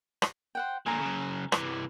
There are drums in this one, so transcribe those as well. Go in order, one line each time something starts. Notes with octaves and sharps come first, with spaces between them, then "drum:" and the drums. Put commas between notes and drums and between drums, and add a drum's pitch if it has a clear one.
drum: rim click
C5 F#5 G5
A#2 D3 G#5 A#5
C#3 F#3
C3 E3, drum: rim click